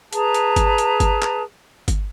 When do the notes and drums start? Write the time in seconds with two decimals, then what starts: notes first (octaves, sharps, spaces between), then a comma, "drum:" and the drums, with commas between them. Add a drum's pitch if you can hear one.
0.13 G#4 B4 A5 A#5, drum: hi-hat
0.34 drum: hi-hat
0.56 drum: kick G1, hi-hat
0.78 drum: hi-hat
1.00 drum: kick G1, hi-hat
1.22 drum: clap
1.88 drum: kick G1, hi-hat